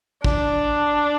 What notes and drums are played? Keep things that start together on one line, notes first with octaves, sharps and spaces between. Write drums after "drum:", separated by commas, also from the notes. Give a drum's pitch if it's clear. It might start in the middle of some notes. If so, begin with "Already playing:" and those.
D4, drum: kick